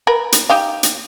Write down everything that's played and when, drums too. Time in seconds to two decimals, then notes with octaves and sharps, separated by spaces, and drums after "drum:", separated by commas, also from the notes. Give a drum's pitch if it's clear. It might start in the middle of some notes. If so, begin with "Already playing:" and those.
0.07 A#4 B4
0.32 drum: hi-hat
0.50 D#4 G4 F5
0.83 drum: hi-hat